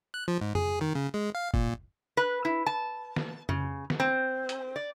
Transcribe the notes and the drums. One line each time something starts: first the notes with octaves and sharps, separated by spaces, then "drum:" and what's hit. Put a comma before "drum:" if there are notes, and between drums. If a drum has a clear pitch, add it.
F#6
F3
G#2
G#4, drum: tom F2
D#3
C#3
G#3
F5
A#2, drum: kick
B4
E4
A5
drum: snare
C#3, drum: tom F2
drum: snare
C4
drum: hi-hat
D5